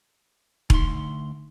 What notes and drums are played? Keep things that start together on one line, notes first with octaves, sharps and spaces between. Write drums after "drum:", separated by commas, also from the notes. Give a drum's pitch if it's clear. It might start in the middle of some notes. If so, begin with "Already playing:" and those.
D2 D#4 C6, drum: kick E1